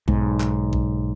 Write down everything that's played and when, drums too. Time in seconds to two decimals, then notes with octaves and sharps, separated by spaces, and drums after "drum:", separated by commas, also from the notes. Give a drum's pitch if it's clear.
0.08 B1 G#2, drum: kick A#1
0.40 drum: clap
0.73 drum: kick A#1